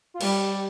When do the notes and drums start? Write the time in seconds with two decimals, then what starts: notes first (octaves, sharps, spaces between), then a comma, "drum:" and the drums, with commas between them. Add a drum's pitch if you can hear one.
0.14 F4
0.21 G3 G4, drum: cymbal